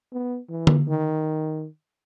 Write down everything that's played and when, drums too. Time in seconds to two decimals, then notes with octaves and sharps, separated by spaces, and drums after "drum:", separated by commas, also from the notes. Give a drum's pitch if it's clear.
0.13 B3
0.49 E3
0.67 drum: tom D3
0.88 D#3